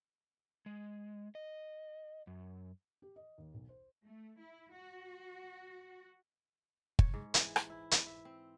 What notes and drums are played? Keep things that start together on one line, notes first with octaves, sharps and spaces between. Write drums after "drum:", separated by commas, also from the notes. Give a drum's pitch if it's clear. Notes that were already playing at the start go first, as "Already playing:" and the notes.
G#3
D#5
F#2
G4
D#5
D#2
B1
C5
A3
E4
F#4
C#5, drum: kick
G#2
E3, drum: hi-hat
drum: rim click
E4
drum: hi-hat
E5
C4